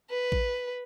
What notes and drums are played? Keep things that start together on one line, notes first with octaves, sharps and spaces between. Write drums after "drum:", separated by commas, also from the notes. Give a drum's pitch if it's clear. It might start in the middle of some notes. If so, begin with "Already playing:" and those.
B4
drum: kick A1